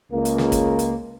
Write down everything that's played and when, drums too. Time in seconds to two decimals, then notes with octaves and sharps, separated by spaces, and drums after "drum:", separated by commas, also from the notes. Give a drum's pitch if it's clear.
0.12 C#2 A#3
0.25 drum: hi-hat
0.38 drum: snare
0.52 drum: kick, hi-hat
0.79 drum: hi-hat